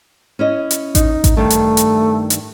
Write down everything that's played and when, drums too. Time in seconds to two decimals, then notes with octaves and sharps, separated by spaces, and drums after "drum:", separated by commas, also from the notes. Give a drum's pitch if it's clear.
0.39 C#4 E4 D#5
0.71 drum: hi-hat
0.95 D#4, drum: kick A1, hi-hat
1.24 drum: kick A1, hi-hat
1.37 G2 D#3 A3 D4
1.50 drum: hi-hat
1.77 drum: hi-hat
2.30 drum: hi-hat